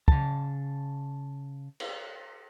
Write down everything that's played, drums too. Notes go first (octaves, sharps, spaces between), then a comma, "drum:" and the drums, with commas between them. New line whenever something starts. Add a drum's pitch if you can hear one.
C#3 A5, drum: kick
drum: cymbal